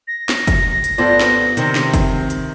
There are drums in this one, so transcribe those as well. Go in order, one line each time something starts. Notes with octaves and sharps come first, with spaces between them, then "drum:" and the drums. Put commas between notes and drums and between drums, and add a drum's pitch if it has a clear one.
A#6
drum: snare
drum: kick, hi-hat
drum: hi-hat
G2 B3 F4 A4 C5 D5
drum: snare
C3 D#3 C5, drum: hi-hat
drum: snare
drum: kick, hi-hat
drum: hi-hat